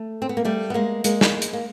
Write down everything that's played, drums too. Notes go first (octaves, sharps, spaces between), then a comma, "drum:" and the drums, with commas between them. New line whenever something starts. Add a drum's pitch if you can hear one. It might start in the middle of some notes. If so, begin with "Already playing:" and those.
Already playing: A3
C4
B3
A#3
G3 A3
B3
G#3 A#3
G#3 A#3, drum: hi-hat
drum: snare
drum: hi-hat
A#3